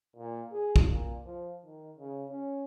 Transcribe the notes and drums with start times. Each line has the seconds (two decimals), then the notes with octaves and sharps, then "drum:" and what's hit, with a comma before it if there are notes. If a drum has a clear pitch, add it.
0.16 A#2
0.52 G#4
0.76 drum: kick B1
0.89 A#2
1.26 F3
1.65 D#3
1.97 C#3
2.30 C#4